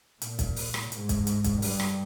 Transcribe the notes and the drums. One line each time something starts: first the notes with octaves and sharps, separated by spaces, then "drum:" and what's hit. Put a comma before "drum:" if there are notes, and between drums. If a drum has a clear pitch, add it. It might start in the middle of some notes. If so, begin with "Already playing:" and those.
A#2, drum: hi-hat
drum: kick, hi-hat
drum: open hi-hat
drum: rim click
G#2, drum: hi-hat
drum: kick, hi-hat
drum: hi-hat
drum: kick, hi-hat
G2, drum: open hi-hat
drum: rim click